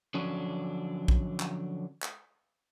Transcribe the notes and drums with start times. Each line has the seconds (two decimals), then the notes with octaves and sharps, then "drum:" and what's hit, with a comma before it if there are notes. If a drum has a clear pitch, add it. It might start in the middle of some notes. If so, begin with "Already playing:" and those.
0.14 D3 F3 F#3 C#4 D4
1.08 drum: kick A#1
1.40 drum: clap
2.02 drum: clap